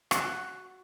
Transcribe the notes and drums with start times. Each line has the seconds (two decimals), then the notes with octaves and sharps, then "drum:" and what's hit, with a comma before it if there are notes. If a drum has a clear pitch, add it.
0.11 F#4, drum: rim click